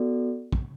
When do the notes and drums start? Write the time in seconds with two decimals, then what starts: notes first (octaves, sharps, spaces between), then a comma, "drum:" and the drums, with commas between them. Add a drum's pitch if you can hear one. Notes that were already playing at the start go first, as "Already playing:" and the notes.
Already playing: B3 F#4 A4 D5
0.52 drum: kick